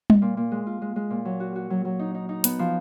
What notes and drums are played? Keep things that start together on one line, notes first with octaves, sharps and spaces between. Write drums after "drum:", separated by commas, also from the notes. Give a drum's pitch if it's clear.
drum: tom G3
A#2
A#2
G#3
F4
G#3
G#3
A#2
F#3
F#4
F#4
F#3
F#3
D#4
D#4
D#4
B3, drum: hi-hat
F3